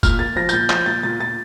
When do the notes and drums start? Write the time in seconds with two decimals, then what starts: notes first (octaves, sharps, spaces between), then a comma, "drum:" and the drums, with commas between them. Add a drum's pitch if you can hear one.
0.03 A#2 F6, drum: kick, tambourine
0.19 A#3 A6
0.36 F3 A#6
0.49 G6, drum: tambourine
0.53 A#2 A6
0.70 F3 G6, drum: clap
0.86 A#2 A6
1.03 A#2 A6
1.19 A#2 A6